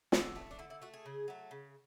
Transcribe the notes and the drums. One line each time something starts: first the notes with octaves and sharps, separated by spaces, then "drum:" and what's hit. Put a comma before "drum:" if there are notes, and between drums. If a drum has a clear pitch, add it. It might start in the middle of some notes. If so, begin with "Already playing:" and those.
D3, drum: snare
A3
D4
D3 E4
E4
A3 F#4
G#4
C#3
F#3 A3
C#3